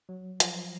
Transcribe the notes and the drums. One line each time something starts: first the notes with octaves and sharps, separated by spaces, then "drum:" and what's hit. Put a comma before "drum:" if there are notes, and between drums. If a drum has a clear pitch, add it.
F#3
F3, drum: hi-hat